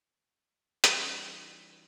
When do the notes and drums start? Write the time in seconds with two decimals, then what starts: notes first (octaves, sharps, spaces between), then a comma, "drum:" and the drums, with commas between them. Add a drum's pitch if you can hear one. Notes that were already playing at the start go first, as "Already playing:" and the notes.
0.84 E3 G3 C#4 D#4 F4 F#4, drum: hi-hat